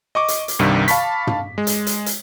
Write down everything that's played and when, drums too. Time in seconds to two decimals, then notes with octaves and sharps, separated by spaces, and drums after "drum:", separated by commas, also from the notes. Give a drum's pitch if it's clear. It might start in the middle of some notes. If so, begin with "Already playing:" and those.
0.15 D#5 C#6 D6
0.28 drum: hi-hat
0.48 drum: hi-hat
0.59 C2 G2 C3 D#3
0.88 F5 A5 B5 C#6 B6, drum: hi-hat
1.27 drum: tom
1.58 G#3
1.67 drum: hi-hat
1.87 drum: hi-hat
2.06 drum: hi-hat